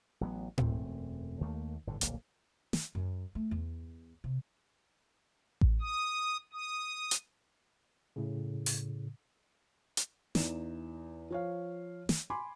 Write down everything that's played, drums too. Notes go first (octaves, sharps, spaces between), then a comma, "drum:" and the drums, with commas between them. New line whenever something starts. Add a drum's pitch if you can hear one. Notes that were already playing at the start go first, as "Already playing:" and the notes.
A1 F#3 B3
E1 F#2 A3 C4, drum: tom A2
D#2 D#3 A3 A#3
G1 A2 D3
D1 A#1 A#3, drum: hi-hat
drum: snare
F#2
A3
E2
C3
drum: kick A1
D#6
D#6
drum: hi-hat
A2 C#3
drum: open hi-hat
drum: hi-hat
E2 D#4 E7, drum: snare
F3 C#5 F5
drum: snare
G#5 B5 C6 D6